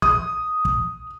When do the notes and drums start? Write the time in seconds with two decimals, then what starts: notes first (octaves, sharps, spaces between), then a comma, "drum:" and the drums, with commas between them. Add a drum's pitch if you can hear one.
0.02 D#6, drum: kick
0.65 drum: kick